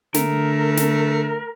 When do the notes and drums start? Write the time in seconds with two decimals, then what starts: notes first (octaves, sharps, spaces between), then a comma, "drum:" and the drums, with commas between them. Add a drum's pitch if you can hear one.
0.14 D3 A3 A#4, drum: snare
0.77 drum: snare